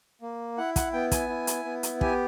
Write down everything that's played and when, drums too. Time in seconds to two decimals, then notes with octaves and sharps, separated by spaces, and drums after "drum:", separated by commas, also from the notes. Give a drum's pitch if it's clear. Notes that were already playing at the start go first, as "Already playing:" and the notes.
0.21 A#3
0.58 E4 F#5
0.76 F#5, drum: kick, hi-hat
0.93 B3 G5
1.11 G#5, drum: kick, hi-hat
1.29 E4
1.47 drum: hi-hat
1.65 B3
1.83 drum: hi-hat
2.01 G4 G#5, drum: kick